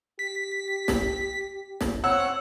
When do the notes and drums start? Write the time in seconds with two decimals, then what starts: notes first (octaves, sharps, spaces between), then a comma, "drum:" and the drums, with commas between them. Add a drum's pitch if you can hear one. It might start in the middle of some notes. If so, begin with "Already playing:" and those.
0.19 G4 B6
0.88 drum: snare
1.81 drum: snare
2.04 C4 C#5 F#5 E6